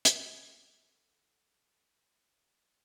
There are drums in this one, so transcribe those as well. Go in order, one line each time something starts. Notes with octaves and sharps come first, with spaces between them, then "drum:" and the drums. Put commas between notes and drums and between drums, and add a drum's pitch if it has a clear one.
A4 F#5 D6 E6, drum: hi-hat